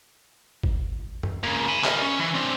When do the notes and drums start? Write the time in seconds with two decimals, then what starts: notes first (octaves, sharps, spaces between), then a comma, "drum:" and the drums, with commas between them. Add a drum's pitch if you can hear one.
0.63 drum: kick
1.23 drum: tom
1.43 A#2 C#3
1.68 G#5 B5
1.84 G3 A#4, drum: clap
2.02 C#4
2.20 E3
2.35 C4 D4